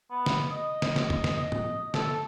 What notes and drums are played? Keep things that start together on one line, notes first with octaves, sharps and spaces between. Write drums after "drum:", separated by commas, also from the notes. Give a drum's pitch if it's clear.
B3
drum: snare
D#5
drum: snare
drum: snare
drum: tom
drum: snare
D#5
drum: tom
A4, drum: snare